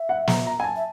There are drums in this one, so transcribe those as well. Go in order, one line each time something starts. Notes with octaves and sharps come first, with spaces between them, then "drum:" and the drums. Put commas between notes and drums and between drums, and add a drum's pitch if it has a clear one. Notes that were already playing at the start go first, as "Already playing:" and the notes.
Already playing: E5
F#5
A#5, drum: snare
A#5
G#5
A5
E5